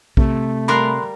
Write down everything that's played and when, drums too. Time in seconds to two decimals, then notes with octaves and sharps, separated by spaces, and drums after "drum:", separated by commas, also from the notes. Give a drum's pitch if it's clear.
0.17 C3 A3, drum: kick
0.68 G3 A#4 F5 B5 C6 F#6